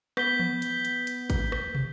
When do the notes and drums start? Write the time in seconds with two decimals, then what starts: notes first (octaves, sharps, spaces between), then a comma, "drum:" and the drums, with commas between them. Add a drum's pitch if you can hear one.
0.17 B3 G6 B6 G7, drum: rim click
0.40 drum: tom E3
0.62 drum: hi-hat
0.85 drum: hi-hat
1.07 drum: hi-hat
1.30 drum: kick, hi-hat
1.52 drum: rim click
1.75 drum: tom